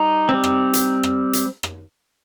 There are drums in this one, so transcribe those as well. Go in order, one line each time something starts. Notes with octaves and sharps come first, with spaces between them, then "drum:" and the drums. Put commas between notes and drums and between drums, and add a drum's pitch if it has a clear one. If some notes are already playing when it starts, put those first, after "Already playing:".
Already playing: G3 D#4
G3 C4
drum: rim click
drum: hi-hat
drum: rim click
drum: hi-hat
drum: rim click